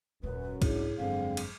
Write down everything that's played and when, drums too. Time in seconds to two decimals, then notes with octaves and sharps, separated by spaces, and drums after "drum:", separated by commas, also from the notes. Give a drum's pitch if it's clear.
0.23 D#1 F#2 F4 B4
0.62 C2 G#2 D4 E4 G#4 C#5, drum: kick, cymbal
0.98 G1 F2 D3 F#3 G#3 C4 G#4 F5
1.37 drum: cymbal